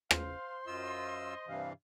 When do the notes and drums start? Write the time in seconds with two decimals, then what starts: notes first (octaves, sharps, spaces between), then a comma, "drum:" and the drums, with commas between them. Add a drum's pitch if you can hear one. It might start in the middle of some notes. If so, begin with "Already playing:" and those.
0.11 C5 F5 C6, drum: rim click
0.67 F#2 F4 D#5 E6
1.47 G2 C3 E3 F5